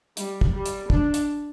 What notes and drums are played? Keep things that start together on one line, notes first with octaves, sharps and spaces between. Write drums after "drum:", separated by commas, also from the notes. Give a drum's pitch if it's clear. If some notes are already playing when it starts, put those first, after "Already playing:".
G3, drum: hi-hat
drum: kick
G3
drum: hi-hat
D4, drum: kick
drum: hi-hat